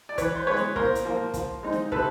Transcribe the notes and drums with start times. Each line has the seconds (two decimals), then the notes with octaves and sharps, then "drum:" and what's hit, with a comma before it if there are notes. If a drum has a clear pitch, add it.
0.09 D5
0.18 E3 B4 C#5, drum: kick, hi-hat
0.36 C5
0.47 G#3 B3 B4 C#5
0.57 drum: snare
0.76 A#2 A#4 C5, drum: kick
0.95 drum: hi-hat
1.05 F3 A#3
1.34 F3, drum: kick, hi-hat
1.63 G#3 C4 D#4
1.73 drum: snare
1.92 C3 A4 B4, drum: kick